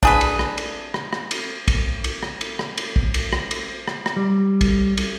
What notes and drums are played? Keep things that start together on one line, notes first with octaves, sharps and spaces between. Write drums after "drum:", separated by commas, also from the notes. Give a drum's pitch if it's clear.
D4 G#4 B4, drum: kick
drum: cymbal
drum: rim click
drum: cymbal
drum: rim click
drum: rim click
drum: cymbal
drum: kick, cymbal
drum: cymbal
drum: rim click
drum: cymbal
drum: rim click
drum: cymbal
drum: kick
drum: cymbal
drum: rim click
drum: cymbal
drum: rim click
drum: rim click
G3
drum: kick, cymbal
drum: cymbal